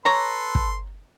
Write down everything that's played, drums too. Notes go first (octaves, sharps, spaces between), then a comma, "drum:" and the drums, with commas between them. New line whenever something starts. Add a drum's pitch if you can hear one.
A4 B4 C#5 A#5 C6
drum: kick